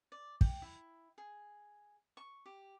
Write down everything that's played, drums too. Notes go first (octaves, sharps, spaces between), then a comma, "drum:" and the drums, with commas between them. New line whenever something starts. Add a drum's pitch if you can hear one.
D5
G5, drum: kick
E4
G#4
C#6
G4